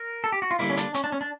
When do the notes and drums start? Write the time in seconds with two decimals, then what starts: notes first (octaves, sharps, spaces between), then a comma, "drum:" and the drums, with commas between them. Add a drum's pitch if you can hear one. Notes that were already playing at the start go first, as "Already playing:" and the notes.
Already playing: A#4
0.24 A4
0.32 G4
0.42 F#4
0.51 F4
0.59 D3 G3 A#3 E4, drum: open hi-hat
0.70 C#4
0.77 D4, drum: hi-hat
0.94 C#4, drum: hi-hat
1.04 D4
1.12 C#4
1.21 D4